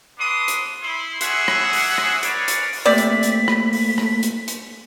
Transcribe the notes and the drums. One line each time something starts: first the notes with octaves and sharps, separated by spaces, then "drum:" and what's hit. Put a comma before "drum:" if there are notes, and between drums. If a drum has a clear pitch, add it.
B3 D4 C6 D6 D#6
drum: hi-hat
E4 C6
A#3 F#4 G#4 E5 F#5, drum: hi-hat
drum: rim click
drum: open hi-hat
drum: rim click
G#4 A#4 B4 C#5 D5, drum: hi-hat
drum: hi-hat
drum: open hi-hat
C3 A3 A#3 D5 B6
drum: hi-hat
drum: hi-hat
drum: rim click
drum: open hi-hat
drum: rim click
drum: hi-hat
drum: hi-hat